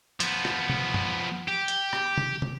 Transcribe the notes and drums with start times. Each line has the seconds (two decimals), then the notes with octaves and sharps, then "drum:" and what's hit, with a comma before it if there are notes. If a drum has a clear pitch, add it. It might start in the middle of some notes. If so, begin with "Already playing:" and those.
0.20 F3 B3, drum: hi-hat
0.45 drum: rim click
0.70 drum: tom
0.94 drum: tom F#2
1.48 G4
1.68 drum: hi-hat
1.93 drum: rim click
2.18 drum: tom
2.42 drum: tom